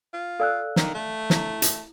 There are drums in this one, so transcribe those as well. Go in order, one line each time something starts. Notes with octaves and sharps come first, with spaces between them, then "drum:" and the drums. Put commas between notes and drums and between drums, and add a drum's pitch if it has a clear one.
F4
A4 D5 F5 G#5 E6 F#6
D#3, drum: snare
A3
E4, drum: snare
drum: hi-hat